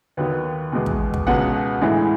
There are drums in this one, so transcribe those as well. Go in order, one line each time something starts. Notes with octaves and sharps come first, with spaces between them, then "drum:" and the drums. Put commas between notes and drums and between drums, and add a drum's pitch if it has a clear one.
D#2 D#3 F#3 B3 B4
E2 B2 G#3 B3
drum: kick
drum: kick
C#2 B2 G#3 B3 F#5
A2 E3 G#3